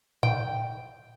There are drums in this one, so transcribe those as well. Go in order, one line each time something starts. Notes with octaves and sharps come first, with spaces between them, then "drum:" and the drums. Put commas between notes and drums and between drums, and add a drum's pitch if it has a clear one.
G5, drum: tom A2